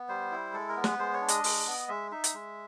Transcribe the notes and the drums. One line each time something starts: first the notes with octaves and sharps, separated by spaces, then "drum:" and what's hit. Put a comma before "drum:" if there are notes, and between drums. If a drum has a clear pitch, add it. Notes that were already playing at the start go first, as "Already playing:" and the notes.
Already playing: B3
G3 C5
E4
G#3 A4
A#4
B3
B4, drum: snare
G#3 C5
C#5
D4
D#5, drum: hi-hat
G#3, drum: open hi-hat
B3
G#3 E5
D#4 E5
drum: hi-hat
G#3